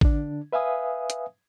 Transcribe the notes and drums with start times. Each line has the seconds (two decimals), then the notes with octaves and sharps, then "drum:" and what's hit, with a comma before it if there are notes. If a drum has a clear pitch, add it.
0.01 D3 D4, drum: kick
0.53 B4 E5 F5 G#5 D#6
1.10 drum: hi-hat